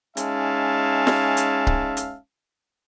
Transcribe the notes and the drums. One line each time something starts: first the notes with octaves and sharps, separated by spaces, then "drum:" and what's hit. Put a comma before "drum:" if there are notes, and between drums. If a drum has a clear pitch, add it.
G#3 C#4 D#4 E5 F5 A5, drum: hi-hat
drum: snare
drum: hi-hat
drum: kick C#1
drum: hi-hat